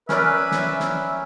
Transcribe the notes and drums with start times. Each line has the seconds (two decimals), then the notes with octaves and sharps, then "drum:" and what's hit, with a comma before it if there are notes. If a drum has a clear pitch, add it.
0.09 C#4 A#4 B4 D5 E5, drum: snare
0.51 drum: snare
0.80 drum: snare